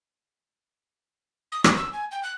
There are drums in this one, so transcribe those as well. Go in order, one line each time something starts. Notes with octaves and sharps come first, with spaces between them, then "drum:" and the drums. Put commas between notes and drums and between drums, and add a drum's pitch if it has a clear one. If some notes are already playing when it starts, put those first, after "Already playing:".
D#6
C#5, drum: rim click
E6
G#5
G5
F#6